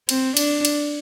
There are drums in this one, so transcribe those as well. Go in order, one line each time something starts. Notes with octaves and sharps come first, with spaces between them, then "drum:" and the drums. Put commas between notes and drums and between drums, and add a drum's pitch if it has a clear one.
C4, drum: cymbal
D4, drum: cymbal
drum: cymbal